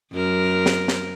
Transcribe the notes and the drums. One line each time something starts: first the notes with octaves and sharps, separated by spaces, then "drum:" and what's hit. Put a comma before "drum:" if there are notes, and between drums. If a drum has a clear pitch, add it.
F#2 A#4
drum: snare
drum: snare